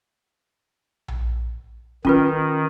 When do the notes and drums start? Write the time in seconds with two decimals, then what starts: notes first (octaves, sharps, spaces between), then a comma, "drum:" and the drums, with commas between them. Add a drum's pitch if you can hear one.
1.08 drum: tom A#1
2.05 D#3 C#4 F4 B4, drum: kick